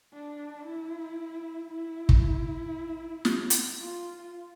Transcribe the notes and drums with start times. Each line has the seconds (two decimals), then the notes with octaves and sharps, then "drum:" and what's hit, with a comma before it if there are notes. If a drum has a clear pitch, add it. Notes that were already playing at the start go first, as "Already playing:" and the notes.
0.13 D4
0.66 E4
1.71 E4
2.09 drum: kick
3.25 drum: snare
3.50 drum: hi-hat
3.81 F4